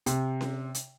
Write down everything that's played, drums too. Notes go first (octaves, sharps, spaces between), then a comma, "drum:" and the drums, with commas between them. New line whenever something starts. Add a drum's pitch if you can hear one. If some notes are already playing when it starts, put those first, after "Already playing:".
C3, drum: hi-hat
drum: snare C#4
drum: hi-hat